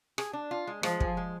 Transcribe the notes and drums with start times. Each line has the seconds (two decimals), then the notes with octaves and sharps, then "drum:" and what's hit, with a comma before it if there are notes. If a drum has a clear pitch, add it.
0.18 G#4, drum: rim click
0.33 D4
0.51 F4
0.67 G#3
0.83 F3 G#3, drum: rim click
1.00 G#4, drum: kick
1.17 G#3